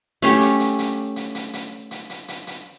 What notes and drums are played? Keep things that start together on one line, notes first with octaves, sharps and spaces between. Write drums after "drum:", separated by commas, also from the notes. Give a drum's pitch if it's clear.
A3 C#4 G4, drum: hi-hat
drum: hi-hat
drum: hi-hat
drum: hi-hat
drum: hi-hat
drum: hi-hat
drum: hi-hat
drum: hi-hat
drum: hi-hat
drum: hi-hat
drum: hi-hat